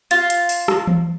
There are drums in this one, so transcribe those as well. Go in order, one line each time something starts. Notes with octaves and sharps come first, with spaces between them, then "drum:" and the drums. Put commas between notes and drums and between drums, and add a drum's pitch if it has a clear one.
F4, drum: hi-hat
drum: hi-hat
drum: open hi-hat
drum: rim click
drum: tom E3